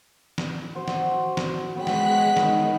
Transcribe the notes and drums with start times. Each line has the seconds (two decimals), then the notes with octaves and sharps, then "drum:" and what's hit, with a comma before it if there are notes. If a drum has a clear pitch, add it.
0.38 drum: snare
0.75 F#4 C5
0.88 drum: snare
1.37 drum: snare
1.76 G#3 B3 C#5 G5 F#6 B6
1.87 drum: snare
2.37 D#3 B4 D#5 G#5, drum: snare